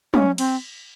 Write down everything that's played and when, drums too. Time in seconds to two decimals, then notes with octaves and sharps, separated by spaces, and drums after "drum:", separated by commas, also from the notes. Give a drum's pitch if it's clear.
0.14 C#4, drum: tom
0.38 C4, drum: cymbal